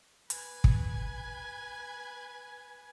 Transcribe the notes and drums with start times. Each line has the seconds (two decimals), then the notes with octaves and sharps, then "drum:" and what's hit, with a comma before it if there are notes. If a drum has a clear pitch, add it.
0.30 B4 G#5, drum: hi-hat
0.64 drum: kick